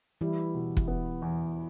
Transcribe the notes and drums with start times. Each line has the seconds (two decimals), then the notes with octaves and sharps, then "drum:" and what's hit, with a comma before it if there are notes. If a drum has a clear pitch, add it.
0.21 E3 G3 E4
0.54 B2
0.77 drum: kick
0.88 B3
1.22 E2